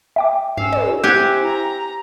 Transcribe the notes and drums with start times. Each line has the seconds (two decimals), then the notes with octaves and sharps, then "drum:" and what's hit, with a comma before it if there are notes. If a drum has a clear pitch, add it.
0.16 E5 G5 D6
0.57 G#2 C#4 F5 E6
0.72 drum: tom
1.04 C4 E4 G4 F#5 G#5
1.45 A#5